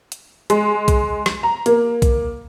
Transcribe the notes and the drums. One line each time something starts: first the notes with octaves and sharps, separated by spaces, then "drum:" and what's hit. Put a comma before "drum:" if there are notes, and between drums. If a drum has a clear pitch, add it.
drum: hi-hat
G#3, drum: hi-hat
drum: kick B1, hi-hat
drum: rim click
A#5
A#3, drum: hi-hat
drum: kick B1, hi-hat